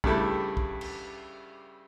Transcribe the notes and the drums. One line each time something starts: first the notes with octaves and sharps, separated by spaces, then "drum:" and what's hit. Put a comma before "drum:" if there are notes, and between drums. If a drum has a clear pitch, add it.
G2 C#3 G3 A3 E4, drum: kick
drum: kick
drum: cymbal